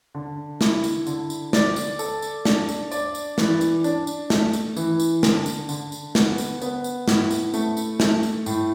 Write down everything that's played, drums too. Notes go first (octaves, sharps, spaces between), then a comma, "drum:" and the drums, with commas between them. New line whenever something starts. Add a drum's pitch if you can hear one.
D3
E4, drum: snare
drum: tambourine
D3, drum: tambourine
drum: tambourine
D5, drum: snare
drum: tambourine
A4, drum: tambourine
drum: tambourine
D4, drum: snare
drum: tambourine
D5, drum: tambourine
drum: tambourine
E3, drum: snare
drum: tambourine
D4, drum: tambourine
drum: tambourine
A3, drum: snare
drum: tambourine
E3, drum: tambourine
drum: tambourine
D3, drum: snare
drum: tambourine
D3, drum: tambourine
drum: tambourine
B3, drum: snare
drum: tambourine
B3, drum: tambourine
drum: tambourine
A2, drum: snare
drum: tambourine
A3, drum: tambourine
drum: tambourine
A3, drum: snare
drum: tambourine
A2, drum: tambourine